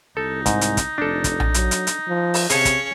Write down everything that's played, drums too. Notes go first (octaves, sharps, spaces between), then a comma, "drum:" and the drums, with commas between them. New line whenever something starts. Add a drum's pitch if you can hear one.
C2 D#4 A4
G#2, drum: kick, hi-hat
drum: hi-hat
drum: kick, hi-hat
F1 D4 A4
drum: kick, hi-hat
drum: tom A#1
F#3, drum: hi-hat
drum: hi-hat
drum: hi-hat
F3
drum: open hi-hat
C3 C#4 G#4 C#5 F5 A5, drum: hi-hat
drum: kick, hi-hat